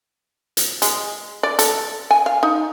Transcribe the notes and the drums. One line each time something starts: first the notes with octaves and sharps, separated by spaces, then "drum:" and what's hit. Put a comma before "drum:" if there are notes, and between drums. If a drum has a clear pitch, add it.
drum: hi-hat
G#3, drum: hi-hat
D5
A4, drum: hi-hat
G#5
F5
D#4